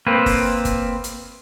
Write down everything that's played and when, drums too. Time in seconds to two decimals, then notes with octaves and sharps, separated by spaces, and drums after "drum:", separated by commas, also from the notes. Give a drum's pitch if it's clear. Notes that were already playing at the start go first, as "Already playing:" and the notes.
0.07 A#3 C4 B4
0.26 drum: kick, open hi-hat
0.65 drum: kick, hi-hat
1.04 drum: hi-hat